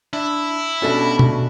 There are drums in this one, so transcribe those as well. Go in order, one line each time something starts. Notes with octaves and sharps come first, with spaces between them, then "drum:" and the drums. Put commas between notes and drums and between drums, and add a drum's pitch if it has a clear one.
D4 E4
B2 G3 C#4 D4 F#4 A4 E5
drum: tom B2